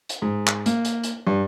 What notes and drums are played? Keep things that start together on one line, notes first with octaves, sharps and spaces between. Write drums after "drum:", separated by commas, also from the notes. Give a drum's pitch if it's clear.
drum: hi-hat
G#2
drum: clap
A#3, drum: hi-hat
drum: hi-hat
drum: hi-hat
G2